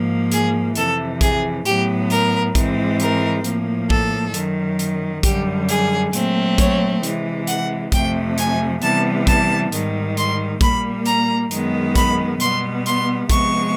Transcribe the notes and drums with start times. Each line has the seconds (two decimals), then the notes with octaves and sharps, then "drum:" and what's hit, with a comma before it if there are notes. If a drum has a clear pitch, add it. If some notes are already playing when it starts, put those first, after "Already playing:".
Already playing: G#2 F3 A#3
0.32 G#4, drum: hi-hat
0.75 F2 C3 E3 A4, drum: hi-hat
1.21 G#4, drum: kick A#1, hi-hat
1.65 A2 F#3 B3 G4, drum: hi-hat
2.10 A#4, drum: hi-hat
2.55 G#2 E3 G#3 C4, drum: kick A#1, hi-hat
3.00 A#4, drum: hi-hat
3.44 A2 F3 A#3, drum: hi-hat
3.90 A4, drum: kick A#1
4.34 F#2 D#3 F#3, drum: hi-hat
4.79 drum: hi-hat
5.23 F#2 D3 G3 G4, drum: kick A#1, hi-hat
5.69 G#4, drum: hi-hat
6.13 A#2 F#3 A3 C4, drum: hi-hat
6.58 C#5, drum: kick A#1, hi-hat
7.03 C3 E3 G#3, drum: hi-hat
7.47 F#5, drum: hi-hat
7.92 F2 C3 F3 A3 G5, drum: kick A#1, hi-hat
8.38 G#5, drum: hi-hat
8.82 C3 E3 G3 B3 A5, drum: hi-hat
9.27 A5, drum: kick A#1, hi-hat
9.72 G#2 D#3 G3, drum: hi-hat
10.17 C6, drum: hi-hat
10.61 A#2 G3 A#3 B5, drum: kick A#1, hi-hat
11.06 A#5, drum: hi-hat
11.51 F#2 D#3 G#3 B3, drum: hi-hat
11.95 B5, drum: kick A#1, hi-hat
12.40 B2 G3 B3 C6, drum: hi-hat
12.86 C6, drum: hi-hat
13.30 C3 F3 G#3 B3 C#6, drum: kick A#1, hi-hat